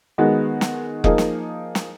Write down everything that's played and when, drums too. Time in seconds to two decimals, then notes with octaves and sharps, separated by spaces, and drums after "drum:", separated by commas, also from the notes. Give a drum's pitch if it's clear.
0.18 D#3 G#3 B3 D#4 F#4
0.61 drum: snare
1.04 F3 A#3 D#4 G#4, drum: kick F1
1.18 drum: snare
1.75 drum: snare